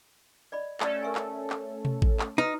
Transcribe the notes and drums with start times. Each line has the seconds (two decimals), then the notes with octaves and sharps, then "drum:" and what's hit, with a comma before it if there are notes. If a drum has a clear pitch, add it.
0.52 D5 D#5 B5
0.80 A3 C#4 G4 A4 D5, drum: clap
1.03 A#4 E5 G#5
1.15 drum: clap
1.50 drum: clap
1.85 drum: tom B2
2.02 drum: kick A1
2.19 drum: clap
2.38 D#4 F#4 B4